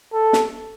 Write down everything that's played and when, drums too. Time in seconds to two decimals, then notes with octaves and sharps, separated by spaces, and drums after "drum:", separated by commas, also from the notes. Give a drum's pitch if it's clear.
0.13 A4
0.33 drum: snare